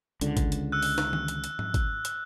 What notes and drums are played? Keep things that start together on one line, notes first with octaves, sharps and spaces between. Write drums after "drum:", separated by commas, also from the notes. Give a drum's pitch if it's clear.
C#2 D3, drum: hi-hat
drum: kick, hi-hat
drum: hi-hat
E6 F#6
drum: open hi-hat
drum: snare
drum: tom D#3
drum: hi-hat
drum: hi-hat
drum: tom G#2
drum: kick, hi-hat
drum: hi-hat